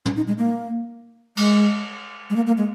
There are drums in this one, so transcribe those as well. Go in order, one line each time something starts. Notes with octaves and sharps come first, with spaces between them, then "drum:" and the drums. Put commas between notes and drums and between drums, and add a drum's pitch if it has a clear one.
C#4, drum: tom
D#4
G#3
A#3
G#3, drum: cymbal
G#3
A#3
A#3
G#3